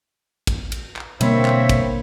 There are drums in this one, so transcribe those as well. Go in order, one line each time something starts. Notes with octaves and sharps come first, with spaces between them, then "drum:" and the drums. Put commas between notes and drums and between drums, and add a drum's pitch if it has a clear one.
drum: kick, cymbal
drum: cymbal
drum: clap
B2 D3 G3 A#3 C4 C#5 E5 B5, drum: cymbal
drum: clap
drum: kick, cymbal